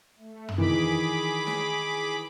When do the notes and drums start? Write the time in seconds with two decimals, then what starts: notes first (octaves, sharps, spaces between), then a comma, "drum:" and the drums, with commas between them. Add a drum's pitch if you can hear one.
0.18 A3
0.49 drum: tom
0.58 D#3 E3 G#4 B5 D6
1.47 drum: snare